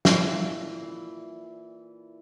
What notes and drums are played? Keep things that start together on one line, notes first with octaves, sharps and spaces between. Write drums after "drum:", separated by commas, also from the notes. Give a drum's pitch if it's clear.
A#2 E3, drum: snare